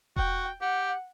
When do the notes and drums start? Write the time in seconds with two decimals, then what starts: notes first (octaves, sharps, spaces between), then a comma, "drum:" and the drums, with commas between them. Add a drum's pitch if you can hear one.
0.16 F#4 G5, drum: kick E1
0.61 G4 F#5